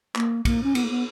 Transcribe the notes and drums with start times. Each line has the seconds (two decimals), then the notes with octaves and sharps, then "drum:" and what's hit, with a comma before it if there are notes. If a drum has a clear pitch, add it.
0.16 A#3, drum: clap
0.45 A#3, drum: kick, cymbal
0.64 C#4
0.75 B3, drum: cymbal
0.84 A#3
0.90 B3